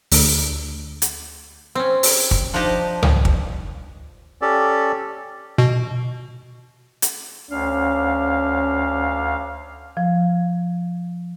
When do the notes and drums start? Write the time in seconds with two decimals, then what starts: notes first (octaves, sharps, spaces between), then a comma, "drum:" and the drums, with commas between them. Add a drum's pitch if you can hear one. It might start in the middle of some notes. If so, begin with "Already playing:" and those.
0.11 D2, drum: open hi-hat
1.02 drum: hi-hat
1.75 C4 C#4
2.03 drum: open hi-hat
2.31 drum: kick
2.54 F3 D4 D#4 G4 D#5 A5
3.03 drum: tom C#2
3.25 drum: kick
4.42 C#4 G4 A4 D5
5.58 B2
7.02 drum: hi-hat
7.51 D2 C#4 F5
9.97 F3